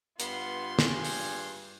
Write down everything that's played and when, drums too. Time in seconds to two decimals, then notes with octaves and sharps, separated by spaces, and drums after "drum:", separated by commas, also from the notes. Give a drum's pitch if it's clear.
0.20 G2 B3 F4 C6, drum: hi-hat
0.79 G#4, drum: snare
1.04 drum: open hi-hat